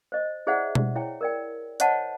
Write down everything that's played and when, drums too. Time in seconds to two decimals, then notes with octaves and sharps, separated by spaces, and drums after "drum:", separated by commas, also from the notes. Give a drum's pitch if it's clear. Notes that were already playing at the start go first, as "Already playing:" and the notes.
0.12 C5 D#5
0.47 E4 G#4 C5 D5 E5 F#5
0.75 drum: tom B2
0.96 E4 C#5 G5
1.21 A#4 D5 G5
1.80 C5 C#5 D#5 F#5 A5, drum: hi-hat